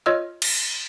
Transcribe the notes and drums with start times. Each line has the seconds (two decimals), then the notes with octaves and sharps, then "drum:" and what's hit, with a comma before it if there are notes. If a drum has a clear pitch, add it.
0.06 F4 C#5 D#5 E6 F6
0.42 drum: cymbal